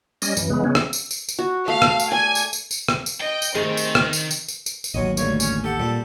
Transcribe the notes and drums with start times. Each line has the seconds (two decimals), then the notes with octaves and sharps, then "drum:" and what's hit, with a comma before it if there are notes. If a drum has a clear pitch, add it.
0.22 G3 C#4 D#5, drum: tambourine
0.37 F#2 E3, drum: tambourine
0.50 C#3 E3 G#3 B3
0.64 C#3 B3 C#4
0.75 drum: rim click
0.93 drum: tambourine
1.11 drum: tambourine
1.28 drum: tambourine
1.39 F#4
1.68 A3 F5 B5
1.82 drum: rim click
2.00 drum: tambourine
2.12 D5 G#5
2.35 drum: tambourine
2.53 drum: tambourine
2.71 drum: tambourine
2.88 drum: rim click
3.06 drum: tambourine
3.21 D#5 G5
3.42 drum: tambourine
3.55 D#3 A3 C4 G#4
3.77 drum: tambourine
3.95 drum: rim click
4.13 drum: tambourine
4.31 drum: tambourine
4.48 drum: tambourine
4.66 drum: tambourine
4.84 drum: tambourine
4.94 A1 D#2 F#3 C#5 D#5
5.17 D2 G2 C#5, drum: tambourine
5.40 C#4, drum: tambourine
5.64 G4 A4 F#5
5.80 A#2 G3 C4